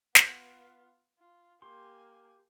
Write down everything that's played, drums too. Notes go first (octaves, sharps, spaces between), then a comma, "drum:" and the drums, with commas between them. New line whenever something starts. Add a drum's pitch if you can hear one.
B3 F4, drum: snare
F4
A#3 G4 G#5 C6